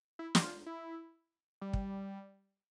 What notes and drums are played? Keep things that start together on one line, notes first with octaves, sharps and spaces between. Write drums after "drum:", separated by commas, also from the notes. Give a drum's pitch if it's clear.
E4
G4, drum: snare
F4
E4
G3
drum: kick